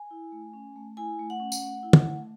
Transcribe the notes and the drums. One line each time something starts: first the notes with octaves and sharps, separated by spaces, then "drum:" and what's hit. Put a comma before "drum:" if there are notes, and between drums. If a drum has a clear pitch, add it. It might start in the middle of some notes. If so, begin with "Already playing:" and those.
Already playing: G#5
E4
A3
C#4
A3
E4 G#5
A3
F#5
C#4
drum: tambourine
A3
E4
drum: tom
A3